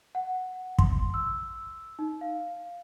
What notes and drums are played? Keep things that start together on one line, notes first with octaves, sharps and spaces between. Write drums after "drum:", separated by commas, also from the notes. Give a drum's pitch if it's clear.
F#5
C6, drum: kick
E6
D#4
F5